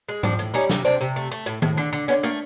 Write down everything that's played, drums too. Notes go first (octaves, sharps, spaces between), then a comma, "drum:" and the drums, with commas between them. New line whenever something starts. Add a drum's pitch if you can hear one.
G#3
F3 C4 D4, drum: tom G#2
A2
G3 C#4 D#4
C3, drum: snare
C3 C4 D4
C3
A3
A3
A2
A2, drum: tom D#3
D3
D3
D3 B3 C#4
A3 A#3